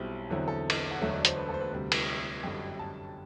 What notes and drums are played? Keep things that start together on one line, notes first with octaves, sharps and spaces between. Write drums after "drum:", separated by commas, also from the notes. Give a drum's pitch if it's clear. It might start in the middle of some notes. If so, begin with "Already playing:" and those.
Already playing: B1 B2 G3 C4 E4
E2 D3 F#3 C4 E4
A4
drum: cymbal
F#5
E1 D2 D3 F#3 A3 E5
D5
C5, drum: hi-hat
B4
A4
C5
B4
D2 C3 G3 C5
drum: cymbal
G1 F#2 D3 G3 D4 G5
A5